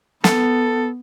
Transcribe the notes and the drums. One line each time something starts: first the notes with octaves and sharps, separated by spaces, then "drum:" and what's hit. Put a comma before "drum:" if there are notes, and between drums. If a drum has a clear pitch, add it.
B3 A4, drum: snare